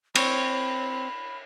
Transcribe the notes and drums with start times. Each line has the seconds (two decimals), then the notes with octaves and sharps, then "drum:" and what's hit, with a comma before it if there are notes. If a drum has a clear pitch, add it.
0.15 C4 C#5 B5, drum: cymbal